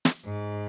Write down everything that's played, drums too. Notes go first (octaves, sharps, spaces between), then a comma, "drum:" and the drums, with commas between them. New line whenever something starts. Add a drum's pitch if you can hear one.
drum: snare
G#2